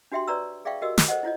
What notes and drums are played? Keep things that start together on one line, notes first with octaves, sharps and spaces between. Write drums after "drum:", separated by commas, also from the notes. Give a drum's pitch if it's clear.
D4 F#4 G4 E5 G5 C6
B4 C#5 D5 A#5 C#6 E6
G#4 D5 E5 F5 G5 C#6
F#4 G4 A#4 D#5 E6
drum: snare
A4 C5 D#5 F#5
E4 F4 C#5 D#5